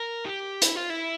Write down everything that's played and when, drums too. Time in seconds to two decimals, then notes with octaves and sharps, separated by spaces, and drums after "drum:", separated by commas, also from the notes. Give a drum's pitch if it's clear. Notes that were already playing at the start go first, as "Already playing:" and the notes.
Already playing: A#4
0.26 G4
0.62 E4, drum: hi-hat
0.76 F4
0.90 E4